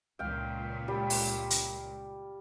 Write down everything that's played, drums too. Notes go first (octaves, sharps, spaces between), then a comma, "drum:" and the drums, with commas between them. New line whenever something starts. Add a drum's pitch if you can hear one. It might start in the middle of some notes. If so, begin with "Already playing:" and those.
C#2 A#2 F5 G5
G3
drum: open hi-hat
drum: hi-hat